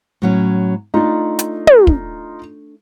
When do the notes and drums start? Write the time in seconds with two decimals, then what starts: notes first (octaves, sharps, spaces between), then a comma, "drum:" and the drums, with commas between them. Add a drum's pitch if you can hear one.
0.22 A2 F#3 C#4
0.94 A3 D4 D#4 F4
1.39 drum: hi-hat
1.67 drum: tom
1.87 drum: kick